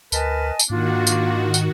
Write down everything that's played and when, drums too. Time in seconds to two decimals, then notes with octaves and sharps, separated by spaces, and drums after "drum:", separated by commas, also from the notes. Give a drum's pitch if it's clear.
0.12 D2 A#4 B4 D#5 G#5 A5, drum: tambourine
0.59 drum: tambourine
0.70 G#2 D#3 A#3 D4 F4 F#4
1.07 drum: tambourine
1.54 drum: tambourine